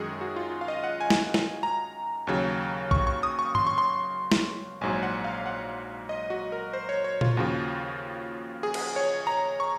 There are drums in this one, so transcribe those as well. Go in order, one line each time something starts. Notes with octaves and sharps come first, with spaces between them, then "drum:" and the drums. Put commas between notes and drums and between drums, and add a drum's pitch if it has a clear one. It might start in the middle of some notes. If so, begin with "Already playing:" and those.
Already playing: F#2 D#3 G#3 F#4 G#4
F#4
F4
F5
D#5
F#5
G#5
drum: snare
drum: snare
A#5
D#2 C#3 F#3
C#6, drum: kick A#1
C#6
D#6
C#6
C6, drum: tom G#2
C#6
C6
drum: snare
A#1 G#2 F#3 G#5
F#5
F5
F#5
D#5
F#4
A#4
C5
C#5
C#5
F4, drum: tom A#2
D#2 C#3 F3 F#4
G#4
drum: cymbal
C#5
A#5
C#6